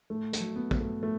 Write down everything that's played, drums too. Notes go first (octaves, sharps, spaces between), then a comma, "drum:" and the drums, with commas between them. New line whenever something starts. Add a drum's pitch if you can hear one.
A2 A3
A3, drum: hi-hat
F#3
B3
F#3, drum: kick
A3
A2 A3